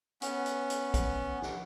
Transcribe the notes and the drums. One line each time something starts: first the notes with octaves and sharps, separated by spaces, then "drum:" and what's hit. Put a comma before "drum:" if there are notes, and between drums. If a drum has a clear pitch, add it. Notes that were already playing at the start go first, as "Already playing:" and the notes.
B3 C#4, drum: hi-hat
drum: hi-hat
drum: hi-hat
drum: kick, hi-hat
drum: snare